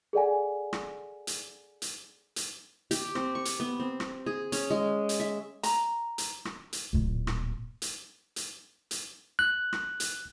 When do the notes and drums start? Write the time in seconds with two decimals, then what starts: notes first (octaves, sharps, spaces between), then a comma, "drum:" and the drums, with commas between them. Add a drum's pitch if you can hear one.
0.13 G#4 A4 D5 F#5 G#5
0.73 drum: rim click
1.27 drum: hi-hat
1.82 drum: hi-hat
2.36 drum: hi-hat
2.91 G4, drum: hi-hat
3.15 C4, drum: rim click
3.35 C#6
3.45 drum: hi-hat
3.60 B3
3.80 C4
4.00 drum: rim click
4.26 G#4
4.52 C#4, drum: hi-hat
4.70 G#3
5.09 drum: hi-hat
5.20 E5
5.63 A#5, drum: hi-hat
6.18 drum: hi-hat
6.45 drum: rim click
6.73 drum: hi-hat
6.93 D1 A#2
7.27 drum: rim click
7.82 drum: hi-hat
8.36 drum: hi-hat
8.91 drum: hi-hat
9.39 F#6
9.73 drum: rim click
10.00 drum: hi-hat